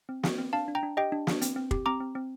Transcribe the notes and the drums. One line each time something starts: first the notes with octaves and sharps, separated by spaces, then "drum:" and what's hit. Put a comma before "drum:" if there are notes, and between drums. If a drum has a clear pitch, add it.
C4
C4, drum: snare
C4
D4 F5 A5
D4
G5 A#5
D4
G4 D#5 G5
D4
D4, drum: snare
C4, drum: hi-hat
C4
G4, drum: kick
C4 A#5 D6
C4
C4